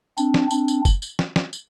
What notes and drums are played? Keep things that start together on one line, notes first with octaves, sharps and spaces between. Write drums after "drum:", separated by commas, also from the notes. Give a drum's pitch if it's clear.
C4 D4, drum: tambourine
drum: snare
C4 D4, drum: tambourine
drum: tambourine
drum: kick F1, tambourine
drum: tambourine
drum: snare
drum: snare
drum: tambourine